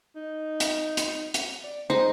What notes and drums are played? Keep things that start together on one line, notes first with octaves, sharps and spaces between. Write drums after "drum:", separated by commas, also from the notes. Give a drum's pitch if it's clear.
D#4
drum: hi-hat
drum: hi-hat
drum: hi-hat
D5
G#3 D#4 C5